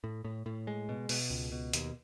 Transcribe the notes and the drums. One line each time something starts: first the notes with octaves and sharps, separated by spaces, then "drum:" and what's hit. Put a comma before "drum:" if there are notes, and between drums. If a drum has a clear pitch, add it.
A2
A2
A2
G#3
B2
B2, drum: open hi-hat
C#2
B2
D#2, drum: hi-hat